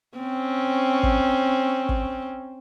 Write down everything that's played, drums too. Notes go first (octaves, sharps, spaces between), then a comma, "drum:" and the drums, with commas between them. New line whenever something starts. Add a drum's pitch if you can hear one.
C4 C#4
drum: kick
drum: kick